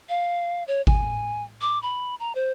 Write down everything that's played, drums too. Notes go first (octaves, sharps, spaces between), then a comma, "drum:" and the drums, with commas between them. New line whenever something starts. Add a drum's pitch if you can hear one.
F5
C#5
G#5, drum: kick G#1
D6
B5
A#5
C5